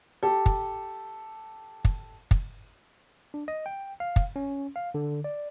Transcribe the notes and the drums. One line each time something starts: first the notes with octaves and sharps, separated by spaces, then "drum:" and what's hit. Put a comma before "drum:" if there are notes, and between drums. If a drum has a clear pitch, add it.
G4 A4
drum: kick
drum: kick
drum: kick
D4
D#5
G5
F5
drum: kick
C#4
F5
D3
D5